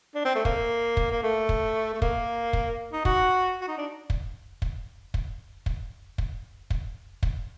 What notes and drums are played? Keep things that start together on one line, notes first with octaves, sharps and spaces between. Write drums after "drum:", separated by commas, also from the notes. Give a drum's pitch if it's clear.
D4
C4
A3
A#3, drum: kick
drum: kick
A#3
A3
drum: kick
A3
A#3, drum: kick
drum: kick
D#4
F#4, drum: kick
F#4
D#4
D4
drum: kick
drum: kick
drum: kick
drum: kick
drum: kick
drum: kick
drum: kick